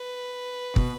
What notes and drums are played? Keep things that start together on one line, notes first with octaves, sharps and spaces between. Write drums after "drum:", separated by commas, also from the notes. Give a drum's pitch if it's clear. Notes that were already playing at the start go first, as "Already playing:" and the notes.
Already playing: B4
B2, drum: kick